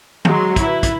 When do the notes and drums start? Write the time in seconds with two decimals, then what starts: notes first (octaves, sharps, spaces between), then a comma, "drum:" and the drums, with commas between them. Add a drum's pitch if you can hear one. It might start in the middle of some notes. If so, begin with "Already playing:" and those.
0.25 F#3 G#3 C6, drum: tom
0.56 E4 B4, drum: kick, hi-hat
0.83 drum: kick, hi-hat